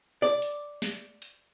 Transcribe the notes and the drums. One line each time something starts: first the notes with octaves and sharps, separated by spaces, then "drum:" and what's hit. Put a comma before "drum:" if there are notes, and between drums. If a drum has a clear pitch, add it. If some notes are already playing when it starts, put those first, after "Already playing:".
D5
drum: hi-hat
drum: snare
drum: hi-hat